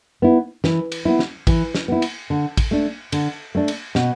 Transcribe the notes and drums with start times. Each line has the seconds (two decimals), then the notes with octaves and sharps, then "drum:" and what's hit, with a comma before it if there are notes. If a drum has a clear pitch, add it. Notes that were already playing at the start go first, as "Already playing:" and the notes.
0.22 B3 E4
0.64 E3, drum: snare
0.92 drum: cymbal
1.05 B3 E4
1.19 drum: snare
1.47 E3, drum: kick A1, cymbal
1.75 drum: snare
1.88 B3 E4
2.02 drum: cymbal
2.30 D3
2.57 drum: kick A1, cymbal
2.71 A3 D4
3.12 D3, drum: cymbal
3.55 A3 D4
3.68 drum: cymbal
3.95 B2, drum: snare